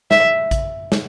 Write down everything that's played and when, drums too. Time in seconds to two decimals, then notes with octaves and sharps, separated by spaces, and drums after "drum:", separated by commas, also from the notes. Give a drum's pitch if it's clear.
0.11 E5, drum: snare
0.51 drum: kick A1, hi-hat
0.92 drum: snare